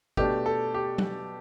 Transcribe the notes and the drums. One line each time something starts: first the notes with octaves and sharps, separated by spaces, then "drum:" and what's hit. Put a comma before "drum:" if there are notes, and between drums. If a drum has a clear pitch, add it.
B2 A3 D4 G4, drum: kick
A4
G4
drum: tom F#3